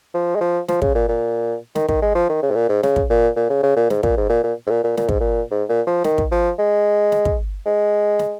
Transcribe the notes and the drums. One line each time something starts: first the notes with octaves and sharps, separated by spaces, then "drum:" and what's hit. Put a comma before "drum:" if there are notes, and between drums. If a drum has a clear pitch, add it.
F3
G#3
F3
F3, drum: snare
C#3, drum: kick
A#2
A#2
D#3, drum: snare
D#3, drum: kick
G#3
F3
D#3
C#3
G#2
A#2
G#2
C#3, drum: snare
drum: kick
A#2
A#2
C#3
C#3
A#2
G#2, drum: snare
A#2, drum: kick
G#2
A#2
A#2
G#2
A#2
A#2
A#2, drum: snare
G#2, drum: kick
A#2
G#2
A#2
F3
D#3, drum: snare
drum: kick
F3
G#3
drum: snare
drum: kick
G#3
drum: snare